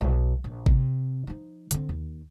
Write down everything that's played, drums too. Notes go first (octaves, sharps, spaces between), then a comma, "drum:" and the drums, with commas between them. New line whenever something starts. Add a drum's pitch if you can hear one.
B1
A#1
C3, drum: kick G#1
F3 D#4
D3 C4, drum: hi-hat
D#2